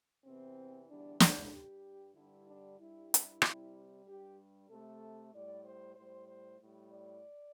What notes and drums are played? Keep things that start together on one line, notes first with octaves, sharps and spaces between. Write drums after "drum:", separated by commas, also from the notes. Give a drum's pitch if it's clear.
E2 C3 E3 C4
E2 D3 G3 D4
E4, drum: snare
G2 G3 G4
G2 D3 G3 E4
D4
G2 G3 E4
drum: hi-hat
C3 G3, drum: rim click
G2 G3 G4
C3 A3 A4
A2 G3 D5
C5
A2 G3 C5
C5
A2 G3
D5